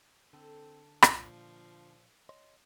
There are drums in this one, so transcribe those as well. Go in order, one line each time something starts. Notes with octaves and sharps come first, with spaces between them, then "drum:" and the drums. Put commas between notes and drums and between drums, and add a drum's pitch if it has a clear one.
D3 C4 A4
A#2 F3, drum: rim click
C#5 D#5 C6